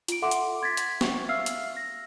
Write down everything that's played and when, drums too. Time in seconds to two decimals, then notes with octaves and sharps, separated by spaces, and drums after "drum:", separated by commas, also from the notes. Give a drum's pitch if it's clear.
0.08 F4 D7, drum: hi-hat
0.22 A4 E5 F#5 C6 D6
0.31 drum: hi-hat
0.62 C6 G#6 A6 B6
0.77 drum: hi-hat
1.01 C#6, drum: snare
1.29 E5 F5 E6 F6 C7
1.46 drum: hi-hat
1.77 A#6